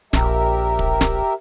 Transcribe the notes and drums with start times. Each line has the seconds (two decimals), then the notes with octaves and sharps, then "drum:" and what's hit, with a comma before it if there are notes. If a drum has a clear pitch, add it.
0.13 A#1 G4 A#4 E5, drum: snare
0.79 drum: kick
1.01 drum: snare